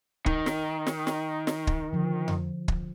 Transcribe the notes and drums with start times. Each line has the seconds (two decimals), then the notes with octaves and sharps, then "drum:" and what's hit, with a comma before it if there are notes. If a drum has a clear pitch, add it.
0.26 D#3, drum: kick
0.46 drum: snare
0.87 drum: snare
1.07 drum: snare
1.47 drum: snare
1.67 drum: kick
1.93 D3 F3
2.28 drum: tom F2
2.68 drum: kick